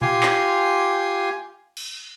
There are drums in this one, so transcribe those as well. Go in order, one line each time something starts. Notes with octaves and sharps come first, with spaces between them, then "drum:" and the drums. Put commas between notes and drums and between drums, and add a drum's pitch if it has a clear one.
F4 G4 G#5 C6, drum: tom A#2
drum: clap
drum: cymbal